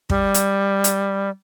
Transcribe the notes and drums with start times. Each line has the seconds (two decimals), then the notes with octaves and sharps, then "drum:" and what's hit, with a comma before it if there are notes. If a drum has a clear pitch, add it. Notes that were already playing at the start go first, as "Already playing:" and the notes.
0.10 G3, drum: kick
0.34 drum: hi-hat
0.84 drum: hi-hat